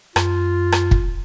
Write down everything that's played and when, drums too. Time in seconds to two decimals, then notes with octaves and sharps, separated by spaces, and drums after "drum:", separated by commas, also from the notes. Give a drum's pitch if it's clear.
0.16 F#2 F4, drum: rim click
0.72 drum: rim click
0.91 drum: kick